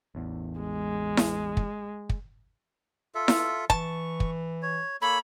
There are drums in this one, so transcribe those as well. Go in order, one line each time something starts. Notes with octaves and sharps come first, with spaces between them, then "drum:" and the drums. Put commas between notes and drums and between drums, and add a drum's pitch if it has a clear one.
A1 E2
G#3
drum: snare E4
drum: kick
drum: kick
F4 A4 E5
drum: snare E4
E3 A5 C#6, drum: kick
drum: kick
C#5
A#3 A4 C#5 B5